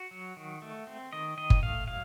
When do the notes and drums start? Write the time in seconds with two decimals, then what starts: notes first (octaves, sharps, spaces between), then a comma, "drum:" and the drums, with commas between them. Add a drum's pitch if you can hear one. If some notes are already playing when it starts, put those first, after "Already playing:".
Already playing: F#4
0.11 F#3
0.37 D#3
0.62 A3
0.87 C4
1.13 D#3 D#5
1.37 D#3 D#5
1.50 drum: kick G1
1.62 A3 F5
1.87 F#3 F5